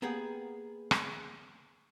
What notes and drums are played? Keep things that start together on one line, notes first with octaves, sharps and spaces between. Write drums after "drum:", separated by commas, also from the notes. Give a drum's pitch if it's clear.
A#3 B3 G4 G#4 F#5
drum: rim click